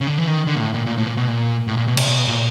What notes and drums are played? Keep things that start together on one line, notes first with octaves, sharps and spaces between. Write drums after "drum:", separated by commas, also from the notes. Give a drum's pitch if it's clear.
C#3
D3
E3
D#3
D3
A#2
A2
A#2
A#2
A2
A#2
B2
A#2
A2
A#2
B2
C3, drum: cymbal
B2
A#2